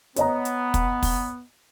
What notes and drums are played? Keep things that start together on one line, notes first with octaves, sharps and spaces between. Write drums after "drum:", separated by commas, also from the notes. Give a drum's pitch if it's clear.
B3 C#5 D#5 A#5, drum: hi-hat
drum: hi-hat
drum: kick, hi-hat
drum: kick, open hi-hat